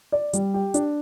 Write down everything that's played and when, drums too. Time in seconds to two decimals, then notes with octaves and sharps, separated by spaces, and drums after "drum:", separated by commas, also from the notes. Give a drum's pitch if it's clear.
0.12 D5
0.33 G3, drum: hi-hat
0.54 G4
0.74 D4, drum: hi-hat